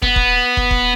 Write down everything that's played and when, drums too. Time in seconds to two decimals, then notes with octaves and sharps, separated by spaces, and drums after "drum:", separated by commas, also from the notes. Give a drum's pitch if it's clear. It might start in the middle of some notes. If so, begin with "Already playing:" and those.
0.02 B3, drum: kick
0.16 drum: kick
0.57 drum: kick
0.71 drum: kick